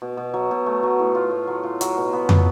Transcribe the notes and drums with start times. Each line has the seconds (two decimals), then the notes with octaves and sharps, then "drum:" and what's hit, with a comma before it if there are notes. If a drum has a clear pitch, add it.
0.02 B2
0.17 B2
0.34 F#3
0.51 B2
0.66 A3
0.83 F#3
0.99 A2
1.15 F4
1.31 A2
1.47 F#3
1.63 F4
1.81 F#3, drum: hi-hat
1.97 B2
2.13 B3
2.29 B2, drum: tom